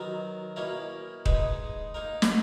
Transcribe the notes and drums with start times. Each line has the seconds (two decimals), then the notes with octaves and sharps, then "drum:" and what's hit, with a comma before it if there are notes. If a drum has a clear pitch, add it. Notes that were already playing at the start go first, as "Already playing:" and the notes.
Already playing: D#3 F#3 B3 F#4 A#4
0.56 B2 A#3 C#4 E4 A#4
1.26 G#3 D#4 G#4 B4, drum: kick D#1
1.94 A#3 D#4 A#4
2.22 drum: snare